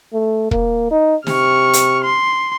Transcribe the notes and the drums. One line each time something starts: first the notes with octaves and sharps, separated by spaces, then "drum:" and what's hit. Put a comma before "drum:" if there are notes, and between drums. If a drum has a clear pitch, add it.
A3
A#3, drum: kick
D#4
C3 C#6 F6, drum: snare
drum: hi-hat
C6